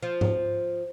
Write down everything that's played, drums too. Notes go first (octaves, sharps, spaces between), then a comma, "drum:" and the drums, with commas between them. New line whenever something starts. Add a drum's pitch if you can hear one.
F3
drum: tom G#2